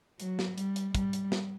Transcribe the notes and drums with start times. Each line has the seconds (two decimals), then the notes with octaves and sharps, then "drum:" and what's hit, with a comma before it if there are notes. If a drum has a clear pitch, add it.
0.20 F#3, drum: hi-hat
0.39 drum: snare
0.58 G3, drum: hi-hat
0.76 drum: hi-hat
0.95 G3, drum: kick, hi-hat
1.13 drum: hi-hat
1.32 drum: snare